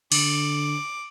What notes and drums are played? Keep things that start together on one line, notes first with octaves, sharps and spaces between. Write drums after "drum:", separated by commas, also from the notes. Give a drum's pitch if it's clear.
D3 D6, drum: cymbal